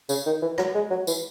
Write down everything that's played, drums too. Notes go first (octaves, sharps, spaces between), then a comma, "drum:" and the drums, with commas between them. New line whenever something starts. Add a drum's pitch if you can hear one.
C#3, drum: tambourine
D#3
E3
F#3, drum: rim click
G#3
F#3
E3, drum: tambourine